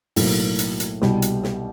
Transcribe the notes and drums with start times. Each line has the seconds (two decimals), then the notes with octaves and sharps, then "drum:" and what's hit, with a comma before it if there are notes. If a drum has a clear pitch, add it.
0.16 B1 A2 F#3 A#3, drum: open hi-hat
0.59 drum: hi-hat
0.80 drum: hi-hat
1.02 C2 B2 G3, drum: snare
1.22 drum: hi-hat
1.43 drum: snare